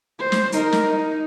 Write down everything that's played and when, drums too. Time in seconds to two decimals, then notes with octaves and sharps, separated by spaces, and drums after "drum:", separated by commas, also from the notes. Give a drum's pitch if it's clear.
0.19 C5
0.32 drum: snare
0.52 D#4 A#4, drum: hi-hat
0.72 drum: snare
0.86 D#4